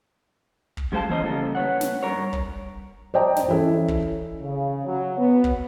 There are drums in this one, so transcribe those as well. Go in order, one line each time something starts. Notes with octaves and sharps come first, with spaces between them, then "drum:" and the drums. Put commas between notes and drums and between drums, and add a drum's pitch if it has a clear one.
drum: kick
F#2 G#3 A4 C5 F5 A5
E3 A#3 C#4 C5 D5 D#5
C#3 G3 A#3 A4
B4 C#5 F#5
drum: snare
G2 C#3 A#4 C#5
drum: kick
C5 D5 D#5 G5 A5 A#5
drum: snare
E3 C#4 E4 A4
drum: kick
C#3
F#3
B3
drum: kick